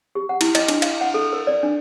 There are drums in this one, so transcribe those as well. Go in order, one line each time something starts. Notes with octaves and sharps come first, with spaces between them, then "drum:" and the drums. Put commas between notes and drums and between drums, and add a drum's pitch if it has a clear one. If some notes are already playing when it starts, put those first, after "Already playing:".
G4
F#5
E4, drum: cymbal
D#5, drum: cymbal
D4, drum: cymbal
F5, drum: cymbal
F#5
A4
A#4
D5
D4